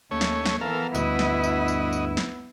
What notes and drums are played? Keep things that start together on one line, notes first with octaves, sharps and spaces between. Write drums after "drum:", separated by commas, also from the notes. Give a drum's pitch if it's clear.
D#2 A3 C#4 C#5
drum: snare
drum: snare
E3 B3 A4 A#4 F5
D2 G2 E4 F#4 D#5, drum: tambourine
drum: snare
drum: tambourine
drum: tambourine
drum: tambourine
drum: snare